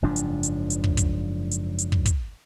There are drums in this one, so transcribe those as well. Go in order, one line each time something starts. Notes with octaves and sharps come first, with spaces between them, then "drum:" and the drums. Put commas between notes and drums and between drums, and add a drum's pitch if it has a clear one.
F#1 G#2 F3 D4
drum: hi-hat
drum: hi-hat
drum: hi-hat
drum: kick
drum: kick, hi-hat
drum: hi-hat
drum: hi-hat
drum: kick
drum: kick, hi-hat